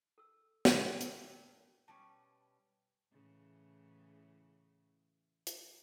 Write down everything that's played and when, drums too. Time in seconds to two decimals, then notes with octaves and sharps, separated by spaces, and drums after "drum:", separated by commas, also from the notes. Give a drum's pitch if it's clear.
0.18 A4 E6
0.65 drum: snare
1.01 A2 D4 A#4 B4 G5, drum: hi-hat
1.88 B2 G3 C#4 A5
3.11 A2 C#3 E3
5.47 drum: hi-hat